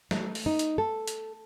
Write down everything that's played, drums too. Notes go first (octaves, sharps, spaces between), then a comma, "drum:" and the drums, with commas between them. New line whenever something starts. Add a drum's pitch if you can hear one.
A3, drum: snare
drum: open hi-hat
D#4
drum: hi-hat
A4
drum: hi-hat